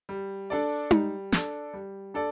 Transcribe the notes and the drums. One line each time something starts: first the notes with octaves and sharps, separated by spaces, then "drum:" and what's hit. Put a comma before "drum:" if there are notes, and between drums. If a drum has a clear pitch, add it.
G3
D4 A4 D5
G3, drum: tom D#4
D4 A4 D5, drum: snare
G3
D4 A4 D5